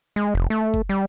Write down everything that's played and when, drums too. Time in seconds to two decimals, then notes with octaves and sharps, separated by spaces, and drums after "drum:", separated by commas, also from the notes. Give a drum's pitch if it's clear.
0.16 G#3
0.35 F1
0.50 A3
0.74 drum: kick F#1
0.89 G3